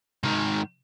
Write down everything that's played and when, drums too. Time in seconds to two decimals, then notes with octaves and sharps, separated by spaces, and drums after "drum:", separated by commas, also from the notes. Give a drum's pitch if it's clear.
0.23 G#2 D#3, drum: tom C3